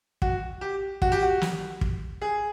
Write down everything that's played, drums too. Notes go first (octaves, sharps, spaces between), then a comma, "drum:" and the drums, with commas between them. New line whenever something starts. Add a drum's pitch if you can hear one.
F#4, drum: kick
G4
F#4, drum: kick
G4
F#4
drum: snare
drum: kick
G#4